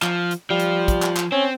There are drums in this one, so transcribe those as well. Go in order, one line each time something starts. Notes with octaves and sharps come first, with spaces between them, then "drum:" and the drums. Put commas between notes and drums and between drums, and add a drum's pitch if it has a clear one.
F3, drum: clap
drum: hi-hat
F3 G3
drum: hi-hat
drum: kick, hi-hat
drum: clap
drum: clap
C4 C#4